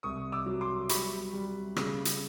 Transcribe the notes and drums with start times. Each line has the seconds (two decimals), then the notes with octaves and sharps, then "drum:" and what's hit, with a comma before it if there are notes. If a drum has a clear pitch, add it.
0.03 C2 C#6 D#6
0.32 D6 E6
0.46 F#3
0.61 C6 D6
0.89 G3 B5 C#6, drum: hi-hat
1.33 G3
1.76 C#3, drum: rim click
2.05 drum: hi-hat